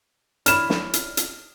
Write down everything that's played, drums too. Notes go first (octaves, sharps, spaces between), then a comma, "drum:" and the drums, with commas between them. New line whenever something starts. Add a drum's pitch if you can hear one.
E4 C#5 D5 F6 E7, drum: hi-hat
drum: snare
drum: hi-hat
drum: hi-hat